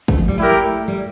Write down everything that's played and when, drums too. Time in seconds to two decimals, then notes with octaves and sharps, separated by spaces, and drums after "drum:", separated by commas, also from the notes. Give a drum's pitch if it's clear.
0.08 A3, drum: kick
0.18 F3
0.28 G3
0.38 A3 E4 G4 A#4
0.88 G3